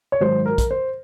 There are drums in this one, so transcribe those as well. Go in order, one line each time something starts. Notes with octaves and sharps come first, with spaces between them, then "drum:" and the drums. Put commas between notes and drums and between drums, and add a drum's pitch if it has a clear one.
C#5
G#2 D#3 F#3 C5
A#4
drum: kick, hi-hat
C5